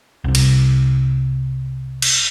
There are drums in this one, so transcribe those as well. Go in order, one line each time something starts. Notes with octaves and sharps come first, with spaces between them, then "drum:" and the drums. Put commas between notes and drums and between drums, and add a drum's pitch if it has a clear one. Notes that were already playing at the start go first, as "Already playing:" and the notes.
C2 C3
drum: cymbal
drum: cymbal